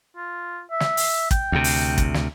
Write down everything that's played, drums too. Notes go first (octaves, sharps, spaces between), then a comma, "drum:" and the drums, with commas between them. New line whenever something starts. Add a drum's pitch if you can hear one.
F4
E5
drum: snare
drum: open hi-hat
G5, drum: kick, hi-hat
D2 C3
drum: open hi-hat
drum: kick, hi-hat
drum: snare